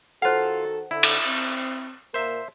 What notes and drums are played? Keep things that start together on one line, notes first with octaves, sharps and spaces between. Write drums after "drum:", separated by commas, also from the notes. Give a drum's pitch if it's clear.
D#3 F4 F#4 A4 C5 F5 F#5
D3 E4
drum: cymbal
C4
A#2 A#3 A#4 C5 E5